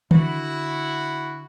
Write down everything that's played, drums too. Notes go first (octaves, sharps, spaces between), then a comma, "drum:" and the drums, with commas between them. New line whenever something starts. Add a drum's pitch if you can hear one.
D3 E4 F#4, drum: tom D#3